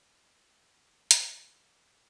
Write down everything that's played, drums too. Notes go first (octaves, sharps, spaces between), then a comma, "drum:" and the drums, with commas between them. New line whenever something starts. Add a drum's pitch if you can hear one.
A3
G3, drum: hi-hat
C4